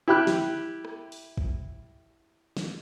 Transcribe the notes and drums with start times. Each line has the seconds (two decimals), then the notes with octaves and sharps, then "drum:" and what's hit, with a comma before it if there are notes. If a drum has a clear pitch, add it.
0.08 E4 G4 G5 B5 F#6
0.27 drum: snare
0.85 drum: rim click
1.12 drum: open hi-hat
1.37 drum: kick
2.57 drum: snare